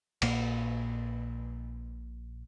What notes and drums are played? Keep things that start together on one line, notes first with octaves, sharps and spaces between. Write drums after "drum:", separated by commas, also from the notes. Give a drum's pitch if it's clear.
A#1 A#2 A#3, drum: cymbal